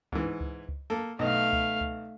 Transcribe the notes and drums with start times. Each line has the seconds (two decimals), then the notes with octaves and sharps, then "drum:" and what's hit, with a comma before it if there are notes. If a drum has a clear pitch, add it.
0.12 G#2 E3, drum: kick C#2
0.40 drum: kick C#2
0.68 drum: kick C#2
0.90 A#3 A4
1.19 B1 A3 D#5 F5
1.53 drum: kick C#2
1.81 drum: kick C#2